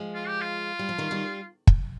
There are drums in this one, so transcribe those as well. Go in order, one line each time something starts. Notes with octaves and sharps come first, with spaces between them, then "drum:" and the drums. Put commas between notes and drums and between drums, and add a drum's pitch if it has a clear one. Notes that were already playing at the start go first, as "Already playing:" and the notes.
Already playing: F3 G#3
F4
G4
F4
G3
F3
D#3 G3
D#3 G3
drum: kick